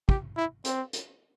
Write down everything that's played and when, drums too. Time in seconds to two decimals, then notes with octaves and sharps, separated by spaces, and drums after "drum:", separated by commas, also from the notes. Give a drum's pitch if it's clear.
0.09 G4, drum: kick
0.37 E4
0.65 C4, drum: hi-hat
0.93 drum: hi-hat